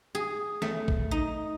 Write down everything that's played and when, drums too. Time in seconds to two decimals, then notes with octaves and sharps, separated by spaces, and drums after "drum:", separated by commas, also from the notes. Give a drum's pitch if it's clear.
0.15 G#4
0.62 A3, drum: snare
0.88 drum: kick A1
1.11 D#4